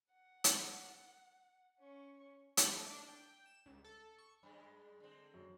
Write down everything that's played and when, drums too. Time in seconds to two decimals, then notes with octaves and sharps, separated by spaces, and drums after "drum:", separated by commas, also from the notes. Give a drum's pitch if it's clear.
0.13 F#5
0.44 drum: hi-hat
1.80 C#4 C#6
2.57 G4, drum: hi-hat
2.76 A3
2.90 D4
3.08 G5
3.46 E7
3.66 C#2
3.84 A4
4.18 C#6
4.43 F#2 G#3
5.00 D3 G#3 C4
5.34 F#2